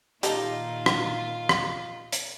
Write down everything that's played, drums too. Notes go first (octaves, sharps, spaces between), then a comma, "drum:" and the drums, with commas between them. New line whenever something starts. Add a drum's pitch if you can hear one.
A#2 D#3 D#4 F4 G4 A4 D#5, drum: hi-hat
drum: rim click
drum: rim click
drum: hi-hat